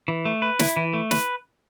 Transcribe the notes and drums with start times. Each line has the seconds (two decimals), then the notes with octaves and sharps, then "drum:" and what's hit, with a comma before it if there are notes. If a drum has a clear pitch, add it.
0.08 E3
0.25 A3
0.42 B4
0.59 E4, drum: snare
0.77 E3
0.93 A3
1.11 B4, drum: snare